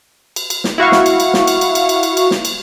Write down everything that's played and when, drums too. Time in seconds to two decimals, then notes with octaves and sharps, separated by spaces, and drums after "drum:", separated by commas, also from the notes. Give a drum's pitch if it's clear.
0.36 drum: cymbal
0.50 drum: cymbal
0.64 drum: snare
0.78 E4 F#4 F5 C#6
0.92 drum: snare
1.06 drum: cymbal
1.20 drum: cymbal
1.34 drum: snare
1.47 drum: cymbal
1.61 drum: cymbal
1.75 drum: cymbal
1.89 drum: cymbal
2.03 drum: cymbal
2.17 drum: cymbal
2.31 drum: snare
2.45 drum: cymbal